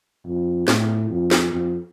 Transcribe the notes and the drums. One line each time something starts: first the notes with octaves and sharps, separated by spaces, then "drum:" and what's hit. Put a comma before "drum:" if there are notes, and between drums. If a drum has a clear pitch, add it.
F2
A2, drum: snare
F2
drum: snare
F2